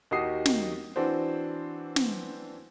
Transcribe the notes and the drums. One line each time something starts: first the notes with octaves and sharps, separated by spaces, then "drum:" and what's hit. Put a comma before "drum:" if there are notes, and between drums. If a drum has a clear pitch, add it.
D#2 D#4 F#4 G4 D#6 C7
drum: snare
E3 C4 D4 F#4 C5
drum: snare